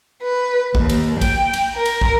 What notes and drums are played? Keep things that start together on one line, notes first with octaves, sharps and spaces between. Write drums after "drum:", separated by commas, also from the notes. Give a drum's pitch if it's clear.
B4
D#2, drum: kick
drum: cymbal
G5, drum: kick, cymbal
drum: cymbal
A#4
drum: cymbal
drum: kick